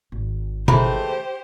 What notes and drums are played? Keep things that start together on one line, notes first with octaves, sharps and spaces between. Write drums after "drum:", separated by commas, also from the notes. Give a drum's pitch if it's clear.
G#1
E3 G#3 A3 G4 C5 A#5 B5, drum: tom B2